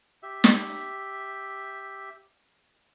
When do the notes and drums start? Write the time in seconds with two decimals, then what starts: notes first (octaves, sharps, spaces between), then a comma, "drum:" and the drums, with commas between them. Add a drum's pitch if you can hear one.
0.23 G4 E5
0.44 drum: snare